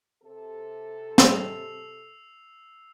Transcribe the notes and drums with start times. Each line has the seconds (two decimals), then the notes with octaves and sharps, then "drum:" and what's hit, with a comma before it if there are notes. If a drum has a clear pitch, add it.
0.23 C3 A4
1.18 E6 C7 F7, drum: snare